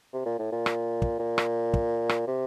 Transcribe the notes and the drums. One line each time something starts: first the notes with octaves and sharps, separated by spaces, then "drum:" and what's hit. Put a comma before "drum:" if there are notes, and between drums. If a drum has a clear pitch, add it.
C3
A#2
A2
A#2
drum: rim click
drum: kick
A#2
drum: rim click
drum: kick
drum: rim click
C3